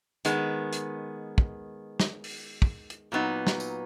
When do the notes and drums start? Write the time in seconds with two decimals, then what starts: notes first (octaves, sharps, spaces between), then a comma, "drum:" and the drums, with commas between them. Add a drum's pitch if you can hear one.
0.25 D#3 G#3 B3, drum: hi-hat
0.73 drum: hi-hat
1.38 drum: kick
2.00 drum: snare
2.24 drum: open hi-hat
2.62 drum: kick
2.90 drum: hi-hat
3.12 A#2 F#3 B3 D#4
3.47 drum: snare
3.60 drum: tambourine